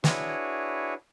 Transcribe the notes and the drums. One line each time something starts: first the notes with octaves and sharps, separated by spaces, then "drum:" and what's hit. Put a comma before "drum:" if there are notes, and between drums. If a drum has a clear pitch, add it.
D4 E4 F#4 G#4 B4 C#5, drum: snare